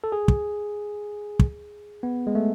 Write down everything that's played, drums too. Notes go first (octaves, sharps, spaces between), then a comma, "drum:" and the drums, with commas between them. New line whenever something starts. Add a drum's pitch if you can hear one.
A4
G#4
drum: kick
drum: kick
B3
G#3
A3